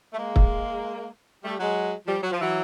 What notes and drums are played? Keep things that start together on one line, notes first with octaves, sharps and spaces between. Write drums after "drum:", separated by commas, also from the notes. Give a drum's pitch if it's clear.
A3
G#3 A#3
drum: kick
G3 A3
F#3 G#3
F3 G3
F#3
F3
E3 F#3